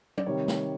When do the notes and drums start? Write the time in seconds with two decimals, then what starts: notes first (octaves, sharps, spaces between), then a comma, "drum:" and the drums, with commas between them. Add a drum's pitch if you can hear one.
0.18 D5, drum: tom F#3
0.26 C3 D#3 G3 C#5
0.48 drum: snare